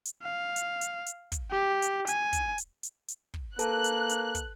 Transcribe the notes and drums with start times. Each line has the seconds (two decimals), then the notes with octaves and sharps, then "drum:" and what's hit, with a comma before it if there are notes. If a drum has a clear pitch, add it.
0.05 drum: hi-hat
0.23 F5
0.56 drum: hi-hat
0.81 drum: hi-hat
1.06 drum: hi-hat
1.32 drum: kick, hi-hat
1.50 G4
1.82 drum: hi-hat
2.07 G#5, drum: hi-hat
2.33 drum: kick, hi-hat
2.58 drum: hi-hat
2.83 drum: hi-hat
3.08 drum: hi-hat
3.34 drum: kick
3.59 A#3 A4 B4 A5 F#6, drum: hi-hat
3.84 drum: hi-hat
4.09 drum: hi-hat
4.35 drum: kick, hi-hat